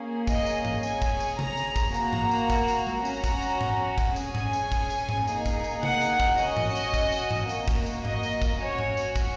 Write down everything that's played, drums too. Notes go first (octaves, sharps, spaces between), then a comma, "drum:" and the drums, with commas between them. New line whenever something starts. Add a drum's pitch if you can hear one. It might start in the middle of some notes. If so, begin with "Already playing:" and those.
Already playing: A#3 C#4 G#4
D#5, drum: kick, tambourine
drum: tambourine
drum: tom G#2
C#4 G#4 G#5, drum: tambourine
drum: kick, tambourine
drum: tambourine
A#5, drum: tom C3
drum: tambourine
drum: kick, tambourine
A#3 F#4 A#5, drum: tambourine
drum: tom G#2
drum: tambourine
drum: kick, tambourine
drum: tambourine
drum: tom G#3
C#4 F#4 A#5, drum: tambourine
drum: kick, tambourine
drum: tambourine
drum: tom G#2
drum: kick, tambourine
C#4 G#4 G#5, drum: tambourine
drum: tom G#2
drum: tambourine
drum: kick, tambourine
drum: tambourine
drum: tom G#2
A#3 D#4 G#4, drum: tambourine
drum: kick, tambourine
drum: tambourine
F#5, drum: tom C3
drum: tambourine
drum: kick, tambourine
C#4 F#4 D#5, drum: tambourine
drum: tom G#2
drum: tambourine
drum: kick, tambourine
drum: tambourine
drum: tom G#2
A#3 F#4, drum: tambourine
drum: kick, tambourine
drum: tambourine
D#5, drum: tom G#2
drum: tambourine
drum: kick, tambourine
C#4 F#4 C#5
drum: tom G#2
drum: tambourine
drum: kick, tambourine